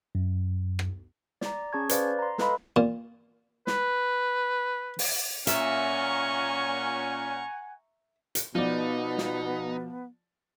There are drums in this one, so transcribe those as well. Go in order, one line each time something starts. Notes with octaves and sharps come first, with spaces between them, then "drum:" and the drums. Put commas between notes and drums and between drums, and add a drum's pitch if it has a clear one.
F#2
drum: rim click
D5 A#5, drum: snare
C#4 G#4 A5 C#6 G#6
B4 C5 D5 F5, drum: hi-hat
A#5 C6
A4 B4 D#5 F5 B5 C6, drum: snare
A#2
B4, drum: snare
drum: open hi-hat
A#2 C#4 E5 F#5 G#5 A#5 C#6, drum: hi-hat
drum: hi-hat
B2 F3 B3 D#4 D5
drum: snare